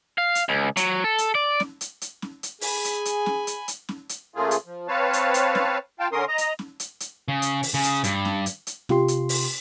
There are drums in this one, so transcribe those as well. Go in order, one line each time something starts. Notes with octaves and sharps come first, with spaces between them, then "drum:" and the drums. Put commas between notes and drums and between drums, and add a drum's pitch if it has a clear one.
F5
drum: hi-hat
C#2
F#3, drum: hi-hat
A4
drum: hi-hat
D5
drum: snare C#4
drum: hi-hat
drum: hi-hat
drum: snare C#4
drum: hi-hat
G#4 G#5 B5, drum: open hi-hat
drum: hi-hat
drum: hi-hat
drum: snare C#4
drum: hi-hat
drum: hi-hat
drum: snare C#4
drum: hi-hat
C#3 A3 A#3 F4 G#4
drum: hi-hat
F3
C4 B4 C#5 F5 A5
drum: hi-hat
drum: hi-hat
drum: snare C#4
F4 F5 G5 A5
D3 C#4 A#4 C6 D#6
D#5 A#5
drum: hi-hat
drum: snare C#4
drum: hi-hat
drum: hi-hat
C#3
drum: hi-hat
drum: open hi-hat
C#3
drum: hi-hat
G2, drum: hi-hat
drum: snare C#4
drum: hi-hat
drum: hi-hat
C3 F4 G4 C6, drum: snare C#4
drum: hi-hat
drum: open hi-hat